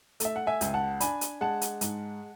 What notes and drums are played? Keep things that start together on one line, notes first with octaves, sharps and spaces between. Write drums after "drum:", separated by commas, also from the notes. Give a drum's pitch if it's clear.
A3 E5, drum: hi-hat
F#5
E5 G#5
C#2, drum: hi-hat
F#5 A5
D4 G#5 B5, drum: hi-hat
drum: hi-hat
G#3 F#5 A5
drum: hi-hat
G#2, drum: hi-hat